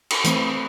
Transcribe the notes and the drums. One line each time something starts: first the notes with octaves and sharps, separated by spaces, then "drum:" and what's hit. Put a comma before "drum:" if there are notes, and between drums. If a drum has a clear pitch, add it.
drum: cymbal
E3 A3 C4, drum: hi-hat